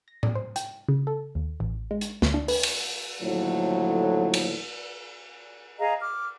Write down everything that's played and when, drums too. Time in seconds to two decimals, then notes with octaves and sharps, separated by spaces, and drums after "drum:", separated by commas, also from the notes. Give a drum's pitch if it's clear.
0.08 A#6
0.23 D5, drum: tom A2
0.35 C5
0.56 G5, drum: hi-hat
0.89 C#3
1.07 A4
1.35 D#2
1.60 A1
1.91 G#3
2.01 drum: hi-hat
2.22 D2, drum: snare
2.34 D4
2.48 B4, drum: open hi-hat
2.63 drum: cymbal
3.23 D#2 A2 D3 F3 F#3
4.34 drum: cymbal
5.79 G#4 D#5 F5 A#5
6.00 D6 F6